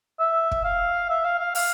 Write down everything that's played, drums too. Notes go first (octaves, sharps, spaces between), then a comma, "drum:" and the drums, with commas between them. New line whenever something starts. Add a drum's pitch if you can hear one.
E5
drum: kick
F5
E5
F5
F5
F5, drum: open hi-hat